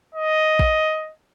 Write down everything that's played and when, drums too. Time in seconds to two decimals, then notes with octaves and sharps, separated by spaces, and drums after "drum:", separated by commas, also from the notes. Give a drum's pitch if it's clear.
0.15 D#5
0.59 drum: kick